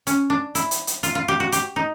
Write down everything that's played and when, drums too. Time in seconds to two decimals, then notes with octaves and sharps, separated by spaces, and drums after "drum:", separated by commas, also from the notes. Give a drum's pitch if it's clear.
0.07 C#4, drum: hi-hat
0.30 D4
0.55 E4, drum: hi-hat
0.71 drum: hi-hat
0.87 drum: hi-hat
1.03 F4, drum: hi-hat
1.15 F4
1.28 G4
1.40 F#4
1.52 G4, drum: hi-hat
1.76 D#4